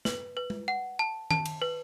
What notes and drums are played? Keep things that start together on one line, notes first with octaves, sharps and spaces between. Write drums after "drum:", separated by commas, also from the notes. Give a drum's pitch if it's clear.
B4, drum: snare
B4
drum: tom G#3
F#5
A5
A5, drum: tom D#3
drum: cymbal
B4